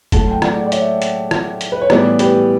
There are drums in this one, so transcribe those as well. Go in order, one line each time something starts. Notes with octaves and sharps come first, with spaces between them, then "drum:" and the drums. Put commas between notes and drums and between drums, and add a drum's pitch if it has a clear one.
A2 F#3 A3 F#5 A5, drum: kick, hi-hat
G5
D5 F#5, drum: rim click
D5
C#5 E5, drum: hi-hat
drum: hi-hat
drum: rim click
drum: hi-hat
B4
C#5
A2 E3 G3 B3 B4 D5, drum: rim click
G4 B4, drum: hi-hat